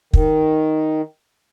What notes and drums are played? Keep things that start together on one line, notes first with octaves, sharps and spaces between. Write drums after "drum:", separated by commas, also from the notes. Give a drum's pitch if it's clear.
D#3, drum: kick